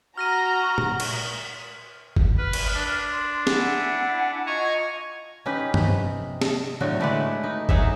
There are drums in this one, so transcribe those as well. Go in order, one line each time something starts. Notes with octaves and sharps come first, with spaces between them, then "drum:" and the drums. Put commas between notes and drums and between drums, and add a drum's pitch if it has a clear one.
F#4 A#5 F6 A#6 D#7
drum: tom A#2
drum: cymbal
drum: kick
B4 F6
drum: cymbal
D4
C6
E4 F#5 G#5, drum: snare
F4 D#5 G#5 A#5 C#6 G#6
C#4 D#4 G4 B4
drum: tom G2
C3
drum: snare
A2 D3 F#3 F#4
G#3 A3 E4 B4 D5 F#5
D#4
F#3 D#4 F#4 G#4 C#5 E5, drum: kick